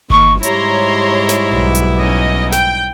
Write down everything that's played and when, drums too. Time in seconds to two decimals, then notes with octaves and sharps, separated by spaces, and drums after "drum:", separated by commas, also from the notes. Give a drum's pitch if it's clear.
0.10 D#3 A#3 C#6, drum: kick G1
0.43 G#2 G3 E4 G4 C#5 A#5 C6, drum: hi-hat
1.29 drum: snare
1.51 B1 B3
1.75 drum: hi-hat
1.98 C#4 D#4 D#5
2.52 G5, drum: snare